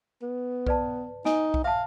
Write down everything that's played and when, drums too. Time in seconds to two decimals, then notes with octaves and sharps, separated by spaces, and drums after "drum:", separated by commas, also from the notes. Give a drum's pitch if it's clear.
0.22 B3
0.67 B4 D5 A5, drum: kick B1
1.25 D#4 G#5, drum: snare
1.54 drum: kick B1
1.64 E5 F5 A5